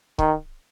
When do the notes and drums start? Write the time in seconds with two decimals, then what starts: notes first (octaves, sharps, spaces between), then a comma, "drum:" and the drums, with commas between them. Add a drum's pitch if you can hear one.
0.19 D#3, drum: kick